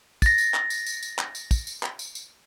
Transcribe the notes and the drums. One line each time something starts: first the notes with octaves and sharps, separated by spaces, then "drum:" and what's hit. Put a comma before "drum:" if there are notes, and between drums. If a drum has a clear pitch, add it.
A6 A#6, drum: kick, tambourine
drum: tambourine
drum: clap
drum: tambourine
drum: tambourine
drum: tambourine
drum: clap
drum: tambourine
drum: kick, tambourine
drum: tambourine
drum: clap
drum: tambourine
drum: tambourine